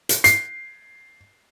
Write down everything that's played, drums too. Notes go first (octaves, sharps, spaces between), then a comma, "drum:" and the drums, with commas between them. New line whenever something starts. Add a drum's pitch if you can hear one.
drum: hi-hat
C7, drum: hi-hat